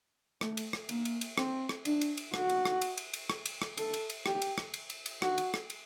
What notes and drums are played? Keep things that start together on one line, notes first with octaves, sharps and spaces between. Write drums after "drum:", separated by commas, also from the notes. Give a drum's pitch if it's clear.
A3, drum: rim click
drum: cymbal
drum: rim click
A#3, drum: cymbal
drum: cymbal
drum: cymbal
C4, drum: rim click
drum: rim click
D4, drum: cymbal
drum: cymbal
drum: cymbal
F#4, drum: rim click
drum: cymbal
drum: rim click
drum: cymbal
drum: cymbal
drum: cymbal
drum: rim click
drum: cymbal
drum: rim click
A4, drum: cymbal
drum: cymbal
drum: cymbal
G4, drum: rim click
drum: cymbal
drum: rim click
drum: cymbal
drum: cymbal
drum: cymbal
F#4, drum: rim click
drum: cymbal
drum: rim click
drum: cymbal